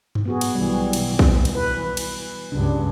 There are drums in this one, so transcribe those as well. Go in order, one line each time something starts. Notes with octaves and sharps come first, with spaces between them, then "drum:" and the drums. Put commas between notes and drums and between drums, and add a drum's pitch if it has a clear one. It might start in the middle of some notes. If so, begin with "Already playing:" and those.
drum: tom G2
B3 F#4 G#4
drum: cymbal
B1 E3 G3
drum: cymbal
E3, drum: kick
drum: cymbal
B4
drum: cymbal
C#2 G2 D4